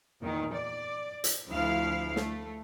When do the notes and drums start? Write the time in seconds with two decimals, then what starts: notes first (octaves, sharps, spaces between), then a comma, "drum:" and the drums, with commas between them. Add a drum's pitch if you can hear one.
0.21 E2 A#2 D#3
0.53 D5
1.24 drum: hi-hat
1.48 D2 F3 E4 F5
2.16 A3, drum: snare